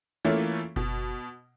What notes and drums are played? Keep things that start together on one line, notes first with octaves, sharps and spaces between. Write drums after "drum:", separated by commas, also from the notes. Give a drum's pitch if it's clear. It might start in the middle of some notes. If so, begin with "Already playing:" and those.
E3 A3 A#3 C#4 E4 F4
drum: hi-hat
B2, drum: kick F#1